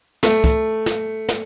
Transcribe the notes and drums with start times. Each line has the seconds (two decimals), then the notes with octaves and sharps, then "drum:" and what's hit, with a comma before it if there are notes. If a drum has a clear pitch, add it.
0.23 A3, drum: snare
0.44 drum: kick, hi-hat
0.86 drum: snare
1.29 drum: snare